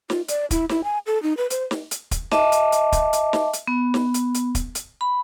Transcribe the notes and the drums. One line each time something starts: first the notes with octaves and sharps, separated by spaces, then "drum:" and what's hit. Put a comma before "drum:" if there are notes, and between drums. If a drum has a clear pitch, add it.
F4, drum: snare
D5, drum: hi-hat
E4, drum: kick, hi-hat
E4, drum: snare
G#5
A4
D#4
B4
C5, drum: hi-hat
drum: snare
drum: hi-hat
drum: kick, hi-hat
D#5 E5 A5 D6, drum: snare
drum: hi-hat
drum: hi-hat
drum: kick, hi-hat
drum: hi-hat
drum: snare
drum: hi-hat
B3
drum: snare
drum: hi-hat
drum: hi-hat
drum: kick, hi-hat
drum: hi-hat
B5